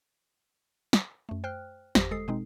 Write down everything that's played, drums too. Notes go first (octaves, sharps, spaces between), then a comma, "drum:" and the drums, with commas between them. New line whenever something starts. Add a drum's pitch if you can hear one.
drum: snare
F#2 A3
C5 G5 F6 F#6
G#1 F2 G4 C5 A#6, drum: snare
G1 G#3 A4 D#6 C7
B2 G#3 C4 D#4